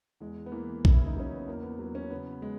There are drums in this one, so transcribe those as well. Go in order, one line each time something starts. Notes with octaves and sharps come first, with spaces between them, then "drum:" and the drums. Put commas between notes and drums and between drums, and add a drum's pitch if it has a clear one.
E2 G#3
B3
E3 A#3
C#3, drum: kick A#1
E4
D#4
F#3 C#4
B3
E2 A#3
B3
F#3
B3
C#4
C#3 B3
G#3